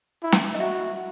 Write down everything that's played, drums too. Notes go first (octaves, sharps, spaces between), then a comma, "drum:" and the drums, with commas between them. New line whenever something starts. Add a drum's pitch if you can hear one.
E4
drum: snare
D#5
F#4 E5